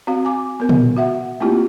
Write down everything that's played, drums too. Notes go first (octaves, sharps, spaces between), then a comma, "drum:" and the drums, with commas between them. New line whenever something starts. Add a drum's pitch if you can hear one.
C4 F#4 F5
G#5 D6
B3 A#4
drum: tom
F#4 E5 F#5
A3 A#3 C4 E4 F4 G4